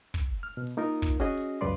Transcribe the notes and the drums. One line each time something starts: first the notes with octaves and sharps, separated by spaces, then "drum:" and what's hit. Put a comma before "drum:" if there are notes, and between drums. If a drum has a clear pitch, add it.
drum: kick, hi-hat
F6
B2
drum: open hi-hat
A#3 D#4 F4 A#4
drum: kick, hi-hat
C#4 F#4 G#4 D#5, drum: hi-hat
drum: hi-hat
C#2 F#2 C#3 B4 D5 C6